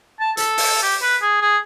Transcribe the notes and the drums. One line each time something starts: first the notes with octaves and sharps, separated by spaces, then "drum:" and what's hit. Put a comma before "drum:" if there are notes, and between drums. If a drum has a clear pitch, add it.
A5
A4, drum: hi-hat
drum: open hi-hat
G4
B4
G#4
G#4